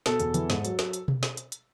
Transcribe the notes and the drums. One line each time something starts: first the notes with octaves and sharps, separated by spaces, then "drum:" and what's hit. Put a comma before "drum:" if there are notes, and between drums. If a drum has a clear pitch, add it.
B2 A4, drum: snare
E2, drum: hi-hat
E3, drum: hi-hat
G#2, drum: snare
F#3, drum: hi-hat
drum: snare
drum: hi-hat
drum: tom B2
drum: snare
drum: hi-hat
drum: hi-hat